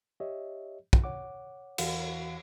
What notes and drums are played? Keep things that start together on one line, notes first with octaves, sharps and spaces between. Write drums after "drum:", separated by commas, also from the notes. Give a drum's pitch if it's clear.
G4 C#5 D#5 E5
drum: kick
C#5 F#5 D6
E2 E3 F#4 F5 F#5, drum: cymbal